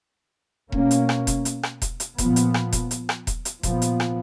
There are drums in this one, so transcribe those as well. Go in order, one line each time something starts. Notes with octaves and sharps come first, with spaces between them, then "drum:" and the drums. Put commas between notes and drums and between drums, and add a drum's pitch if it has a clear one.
B2 A#3 C#4, drum: kick E1
drum: hi-hat
drum: rim click
drum: kick E1, hi-hat
drum: hi-hat
drum: rim click
drum: kick E1, hi-hat
drum: hi-hat
A#2 F3 B3, drum: kick E1, hi-hat
drum: hi-hat
drum: rim click
drum: kick E1, hi-hat
drum: hi-hat
drum: rim click
drum: kick E1, hi-hat
drum: hi-hat
A#2 F3 B3, drum: kick E1, hi-hat
drum: hi-hat
drum: rim click